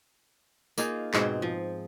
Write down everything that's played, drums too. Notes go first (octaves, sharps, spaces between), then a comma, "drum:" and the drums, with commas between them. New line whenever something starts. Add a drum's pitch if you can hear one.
A#3 D#4 F4 G#4, drum: tambourine
G#2 B2 C4 G#4, drum: clap
F3